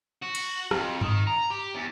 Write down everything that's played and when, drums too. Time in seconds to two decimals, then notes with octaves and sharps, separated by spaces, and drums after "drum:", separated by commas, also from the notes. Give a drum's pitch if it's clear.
0.22 F#4
0.35 drum: cymbal
0.71 F2, drum: rim click
1.01 D#3, drum: tom G2
1.27 A#5
1.50 G4
1.74 E2